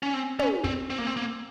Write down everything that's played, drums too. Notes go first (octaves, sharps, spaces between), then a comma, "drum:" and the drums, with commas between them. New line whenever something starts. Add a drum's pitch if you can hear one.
C#4
C4
C#4, drum: tom
C4, drum: kick
C4
A#3
C4
A#3